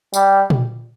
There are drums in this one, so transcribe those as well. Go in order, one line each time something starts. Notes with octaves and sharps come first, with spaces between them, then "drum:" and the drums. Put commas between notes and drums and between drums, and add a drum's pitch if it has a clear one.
G3, drum: tambourine
drum: tom A#2